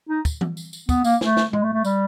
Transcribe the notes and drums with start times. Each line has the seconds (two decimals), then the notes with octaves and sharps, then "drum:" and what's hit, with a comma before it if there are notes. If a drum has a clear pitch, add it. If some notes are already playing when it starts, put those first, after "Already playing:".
0.09 D#4
0.25 drum: kick, tambourine
0.41 drum: tom E3
0.57 drum: tambourine
0.73 drum: tambourine
0.89 B3, drum: kick, tambourine
1.04 A#3, drum: tambourine
1.21 A3, drum: snare
1.37 drum: snare
1.53 G#3, drum: tom A2
1.63 A3
1.74 A3
1.85 G3, drum: tambourine